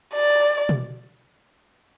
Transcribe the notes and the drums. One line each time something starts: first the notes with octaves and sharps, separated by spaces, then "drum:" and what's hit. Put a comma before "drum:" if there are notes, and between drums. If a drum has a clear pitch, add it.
D5, drum: open hi-hat
drum: tom B2